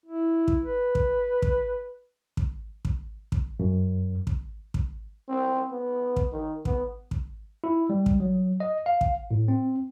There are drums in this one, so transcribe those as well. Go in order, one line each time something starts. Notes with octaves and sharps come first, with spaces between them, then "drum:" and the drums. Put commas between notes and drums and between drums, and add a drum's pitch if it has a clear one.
E4
drum: kick
B4
drum: kick
drum: kick
drum: kick
drum: kick
drum: kick
F#2
drum: kick
drum: kick
C4
B3
drum: kick
D#3
B3, drum: kick
drum: kick
E4
G3
drum: kick
F#3
D#5
F5
drum: kick
A2
C4